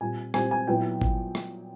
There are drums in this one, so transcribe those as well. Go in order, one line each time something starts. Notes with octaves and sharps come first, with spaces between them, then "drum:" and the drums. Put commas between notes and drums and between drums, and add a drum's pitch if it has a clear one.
A#2 G3 C4 G#5
A#2 G3 C4 G#5, drum: rim click
G#5
A#2 F#3 B3 E4 G5
drum: kick G#1
drum: rim click